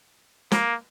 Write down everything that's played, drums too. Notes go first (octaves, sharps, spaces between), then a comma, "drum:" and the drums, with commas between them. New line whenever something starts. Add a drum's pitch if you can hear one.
A#3, drum: snare